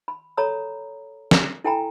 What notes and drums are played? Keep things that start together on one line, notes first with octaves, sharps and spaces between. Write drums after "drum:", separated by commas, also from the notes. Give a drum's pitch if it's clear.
B5
A4 C#5 A#5 B5 D#6
drum: snare
E4 A4 G5 G#5 A#5 B5